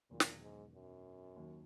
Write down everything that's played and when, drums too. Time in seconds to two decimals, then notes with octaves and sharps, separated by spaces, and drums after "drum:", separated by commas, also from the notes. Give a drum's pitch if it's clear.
0.11 E1 E2 A#2 D#3 F#3
0.20 drum: snare
0.41 G#2
0.74 F#2
1.36 D#2 D#3 F#3